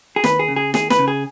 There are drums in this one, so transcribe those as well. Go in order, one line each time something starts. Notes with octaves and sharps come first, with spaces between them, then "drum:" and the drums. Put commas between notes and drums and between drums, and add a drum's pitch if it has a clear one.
G#4
D#2 B4, drum: snare
G#4
C#3
G#4
D#2 G#4, drum: snare
B4, drum: snare
C#3
G#4